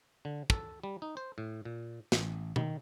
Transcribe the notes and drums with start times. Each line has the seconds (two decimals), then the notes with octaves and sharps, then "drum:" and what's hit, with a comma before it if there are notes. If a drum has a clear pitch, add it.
0.25 D3
0.50 A4, drum: kick
0.84 G3
1.02 D#4
1.17 C5
1.38 A2
1.65 A#2
2.12 A1, drum: snare
2.56 D#3, drum: tom B2